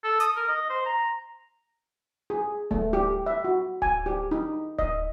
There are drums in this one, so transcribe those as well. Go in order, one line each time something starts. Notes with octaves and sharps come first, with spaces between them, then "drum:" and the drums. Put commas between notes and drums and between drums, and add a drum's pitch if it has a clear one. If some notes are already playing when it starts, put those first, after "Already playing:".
A4
D#6, drum: hi-hat
A#4
D#5
C5
A#5
G#4
A3, drum: kick D1
G4
E5
F#4
G#5, drum: kick D1
G4
D#4
D#5, drum: kick D1